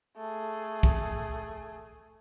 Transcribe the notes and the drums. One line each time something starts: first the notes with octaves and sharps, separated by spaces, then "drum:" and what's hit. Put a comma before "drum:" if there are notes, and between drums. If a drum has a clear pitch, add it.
A3 G#4
drum: kick